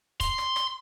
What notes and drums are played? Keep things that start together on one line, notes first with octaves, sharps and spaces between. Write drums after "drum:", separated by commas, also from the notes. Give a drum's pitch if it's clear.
C6, drum: kick, hi-hat
drum: rim click
drum: rim click